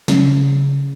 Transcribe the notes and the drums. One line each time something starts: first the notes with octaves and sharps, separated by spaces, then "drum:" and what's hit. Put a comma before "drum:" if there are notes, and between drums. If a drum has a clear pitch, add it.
C#3, drum: snare